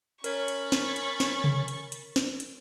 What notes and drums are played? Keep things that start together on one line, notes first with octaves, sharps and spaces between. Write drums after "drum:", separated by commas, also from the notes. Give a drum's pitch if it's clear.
C#4 A#4 C#5 B5 C#6 A6, drum: hi-hat
drum: hi-hat
drum: snare
drum: hi-hat
drum: snare
drum: tom C3
drum: hi-hat
drum: hi-hat
drum: snare
drum: hi-hat